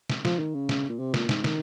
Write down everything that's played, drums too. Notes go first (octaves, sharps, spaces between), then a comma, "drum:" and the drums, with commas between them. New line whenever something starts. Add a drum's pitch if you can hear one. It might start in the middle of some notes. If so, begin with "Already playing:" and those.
drum: snare
F3, drum: snare
D#3
C#3
drum: snare
A#2
C3
A#2, drum: snare
G#2, drum: snare
D#3, drum: snare